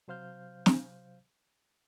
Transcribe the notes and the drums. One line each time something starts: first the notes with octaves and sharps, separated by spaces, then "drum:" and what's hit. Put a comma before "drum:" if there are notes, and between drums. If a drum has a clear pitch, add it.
C3 F#3 C5 F5 F6 G6
drum: snare